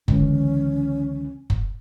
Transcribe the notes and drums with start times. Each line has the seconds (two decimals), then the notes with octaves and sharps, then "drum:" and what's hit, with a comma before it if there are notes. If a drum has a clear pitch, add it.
0.08 C#2 D3 E3 C#4, drum: kick F#1
1.50 drum: kick F#1